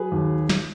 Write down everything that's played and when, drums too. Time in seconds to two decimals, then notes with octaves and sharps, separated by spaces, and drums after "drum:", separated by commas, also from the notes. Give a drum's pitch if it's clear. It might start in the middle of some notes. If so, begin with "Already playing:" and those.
Already playing: F#3 G#4 B4
0.12 D#2
0.49 drum: snare